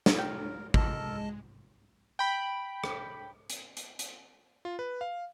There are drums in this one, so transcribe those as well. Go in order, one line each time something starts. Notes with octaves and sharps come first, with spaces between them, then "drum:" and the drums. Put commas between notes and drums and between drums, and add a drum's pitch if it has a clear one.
drum: snare
A#4 G5
G#3 A4 A#4 D#5 A5, drum: kick
G5 B5
drum: rim click
drum: hi-hat
drum: hi-hat
drum: hi-hat
F4
B4
F5